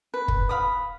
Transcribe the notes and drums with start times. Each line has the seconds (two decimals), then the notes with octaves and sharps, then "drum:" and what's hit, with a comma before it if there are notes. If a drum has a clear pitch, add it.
0.14 B4
0.28 drum: kick
0.49 F5 B5 D#6